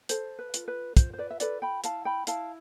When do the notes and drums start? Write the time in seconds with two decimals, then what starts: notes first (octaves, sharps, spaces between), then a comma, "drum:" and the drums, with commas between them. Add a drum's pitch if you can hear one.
0.09 A4 C5, drum: hi-hat
0.39 B4
0.54 F4, drum: hi-hat
0.68 B4
0.97 F4 C5, drum: kick, hi-hat
1.13 C5
1.18 B4 D5
1.30 E5
1.40 A4 B4 D5, drum: hi-hat
1.62 G5 B5
1.84 E4 F5 A5, drum: hi-hat
2.05 G5 B5
2.27 E4 F5 A5, drum: hi-hat